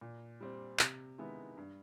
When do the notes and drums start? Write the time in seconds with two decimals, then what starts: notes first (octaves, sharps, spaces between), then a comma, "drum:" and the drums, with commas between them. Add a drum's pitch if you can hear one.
0.01 A#2
0.41 G3 C4
0.79 C3, drum: clap
1.18 D#3 G#3 B3 E4
1.58 G2